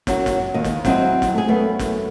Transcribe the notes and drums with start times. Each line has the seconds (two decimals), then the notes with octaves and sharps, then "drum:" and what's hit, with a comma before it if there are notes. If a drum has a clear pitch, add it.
0.07 F#2 F#3 F#4, drum: snare
0.26 drum: snare
0.54 D#2 D#5
0.64 drum: snare
0.85 F#3 C4 E4 F#4 D#5, drum: snare
1.22 drum: snare
1.34 A3 G#4
1.48 F#2 A3 B3
1.79 drum: snare